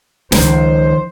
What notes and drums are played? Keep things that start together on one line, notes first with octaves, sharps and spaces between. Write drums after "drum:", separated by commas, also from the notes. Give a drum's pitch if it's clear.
C#2 D#3 F3 C5, drum: snare